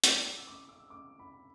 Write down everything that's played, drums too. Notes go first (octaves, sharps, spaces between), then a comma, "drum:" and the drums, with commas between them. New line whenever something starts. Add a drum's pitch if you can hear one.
D6, drum: hi-hat
E6
D6
E6
D6
B5